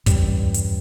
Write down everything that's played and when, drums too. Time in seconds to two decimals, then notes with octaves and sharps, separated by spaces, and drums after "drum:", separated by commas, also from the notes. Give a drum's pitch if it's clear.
0.06 E2 G2 C#3 G3, drum: kick, hi-hat
0.54 drum: hi-hat